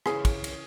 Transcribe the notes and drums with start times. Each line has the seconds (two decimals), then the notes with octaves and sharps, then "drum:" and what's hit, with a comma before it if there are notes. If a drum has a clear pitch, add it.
0.06 C#3 E3 C#4 G#4, drum: rim click
0.25 drum: kick, cymbal
0.44 drum: cymbal